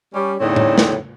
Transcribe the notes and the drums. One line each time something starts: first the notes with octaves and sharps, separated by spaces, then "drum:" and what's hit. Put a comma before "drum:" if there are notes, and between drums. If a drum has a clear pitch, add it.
G3 C#4
E2 A2 D3 C4 D#4 C#5
drum: tom A2
drum: snare